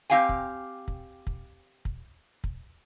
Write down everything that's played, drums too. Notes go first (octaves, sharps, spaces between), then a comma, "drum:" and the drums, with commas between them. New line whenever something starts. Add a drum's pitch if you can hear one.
C4 G4 F5 G5 G#5
drum: kick
drum: kick
drum: kick
drum: kick
drum: kick